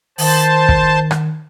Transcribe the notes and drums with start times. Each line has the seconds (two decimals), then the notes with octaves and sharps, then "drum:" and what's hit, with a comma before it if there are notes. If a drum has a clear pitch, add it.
0.18 D#3 C5 A5, drum: open hi-hat
0.69 drum: kick
1.11 drum: rim click